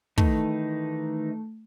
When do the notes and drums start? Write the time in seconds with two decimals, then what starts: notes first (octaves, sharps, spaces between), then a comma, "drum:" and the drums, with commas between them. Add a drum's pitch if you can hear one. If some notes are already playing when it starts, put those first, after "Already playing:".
0.18 D#3 E3 A3 D#4, drum: kick